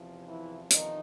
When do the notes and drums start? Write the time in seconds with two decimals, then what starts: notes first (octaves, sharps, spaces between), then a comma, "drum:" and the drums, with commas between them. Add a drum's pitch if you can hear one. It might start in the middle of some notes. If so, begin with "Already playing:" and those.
Already playing: E2 C3 F3
0.26 E3 E4
0.71 D#3 D#4, drum: hi-hat